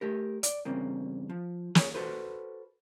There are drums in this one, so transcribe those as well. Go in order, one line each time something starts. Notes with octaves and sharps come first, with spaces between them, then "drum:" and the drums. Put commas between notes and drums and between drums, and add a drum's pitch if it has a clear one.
A3 G4 A#4
D5, drum: hi-hat
E2 G2 C#3 A#3 C4
F3
G#4 C#5, drum: snare
F#4 A4 B4 C5